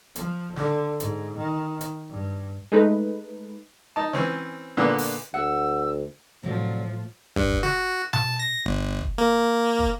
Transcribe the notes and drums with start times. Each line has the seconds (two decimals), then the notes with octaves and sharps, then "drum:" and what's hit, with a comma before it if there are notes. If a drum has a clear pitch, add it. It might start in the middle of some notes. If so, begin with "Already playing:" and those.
0.15 F3, drum: hi-hat
0.56 D3, drum: snare
1.00 G#2, drum: hi-hat
1.38 D#3
1.81 drum: hi-hat
2.10 G2
2.72 G#3 A3 D#4 B4
3.96 D#4 A5
4.13 E3 C4 C#4, drum: snare
4.77 A#2 D3 B3
4.98 drum: open hi-hat
5.34 D2 F#5 E6
6.43 A2 C3 F3 F#3 D5
7.36 G2, drum: kick
7.50 drum: kick
7.63 F#4, drum: snare
8.13 A5, drum: tom B2
8.39 A#6
8.65 G1
9.01 drum: kick
9.18 A#3
9.79 drum: kick